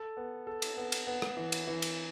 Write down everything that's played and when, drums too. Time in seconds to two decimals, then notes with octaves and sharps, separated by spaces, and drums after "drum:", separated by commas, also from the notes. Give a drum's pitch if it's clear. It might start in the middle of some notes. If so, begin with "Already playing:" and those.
Already playing: A4
0.17 B3
0.47 A4
0.62 drum: cymbal
0.77 B3
0.92 drum: cymbal
1.07 B3
1.22 drum: rim click
1.37 E3
1.52 drum: cymbal
1.67 E3
1.82 drum: cymbal